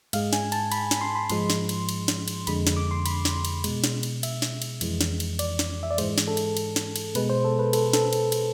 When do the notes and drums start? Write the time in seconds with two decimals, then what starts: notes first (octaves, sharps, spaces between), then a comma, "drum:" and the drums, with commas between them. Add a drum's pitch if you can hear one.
0.13 G#2 G#3 F5, drum: cymbal
0.33 G#5, drum: snare
0.52 A5, drum: cymbal
0.72 B5, drum: cymbal
0.91 drum: snare
1.01 C6
1.15 B5
1.30 G#2 F3 G#3 C6, drum: cymbal
1.50 drum: snare
1.69 drum: cymbal
1.89 drum: cymbal
2.08 drum: snare
2.28 drum: cymbal
2.47 F2 D3 G#3 B5, drum: cymbal
2.67 drum: snare
2.77 D6
2.91 C6
3.06 B5, drum: cymbal
3.25 drum: snare
3.45 drum: cymbal
3.64 B2 G#3, drum: cymbal
3.84 drum: snare
4.03 drum: cymbal
4.23 E5, drum: cymbal
4.42 drum: snare
4.62 drum: cymbal
4.81 F2 E3 G#3, drum: cymbal
5.01 drum: snare
5.20 drum: cymbal
5.39 D5, drum: cymbal
5.59 drum: snare
5.83 E5
5.91 D5
5.98 G#2 E3 G#3 C5, drum: cymbal
6.18 drum: snare
6.27 A4
6.37 drum: cymbal
6.57 drum: cymbal
6.76 drum: snare
6.96 drum: cymbal
7.15 B2 G#3 B4, drum: cymbal
7.29 C5
7.44 A4
7.59 B4
7.73 A4, drum: cymbal
7.93 A4, drum: snare
8.13 drum: cymbal
8.32 drum: cymbal